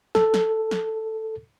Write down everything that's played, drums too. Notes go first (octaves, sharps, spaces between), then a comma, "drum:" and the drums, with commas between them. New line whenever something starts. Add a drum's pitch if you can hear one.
A4, drum: snare
drum: snare
drum: snare